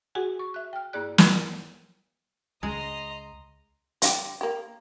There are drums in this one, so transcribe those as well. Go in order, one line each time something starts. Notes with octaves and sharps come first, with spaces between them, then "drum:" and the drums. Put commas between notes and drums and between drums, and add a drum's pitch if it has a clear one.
F#4 G#4 F#5 G#5
C#6
E5 F#6
G5 F6
G2 A#3 E4 G#4 D5 F#6
E4, drum: snare
C#2 G#3 D#5 A#5 C6
G3 F4 G4, drum: hi-hat
A#3 G4